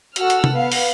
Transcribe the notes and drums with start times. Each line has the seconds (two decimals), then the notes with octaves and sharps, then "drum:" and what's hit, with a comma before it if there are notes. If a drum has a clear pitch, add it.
0.16 F#4 A4 F#5 E6 F6, drum: hi-hat
0.30 drum: hi-hat
0.44 drum: tom C3
0.54 B3 F5
0.72 drum: open hi-hat